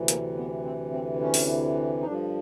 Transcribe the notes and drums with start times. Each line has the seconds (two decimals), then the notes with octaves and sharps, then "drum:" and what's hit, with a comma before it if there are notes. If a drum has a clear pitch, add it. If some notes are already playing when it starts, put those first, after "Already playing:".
Already playing: D2 C3 E3
0.08 A#3, drum: hi-hat
0.36 B3
0.64 C4
0.92 C4
1.21 C#4
1.34 drum: open hi-hat
2.02 D#4
2.05 G2 D3 F3 D4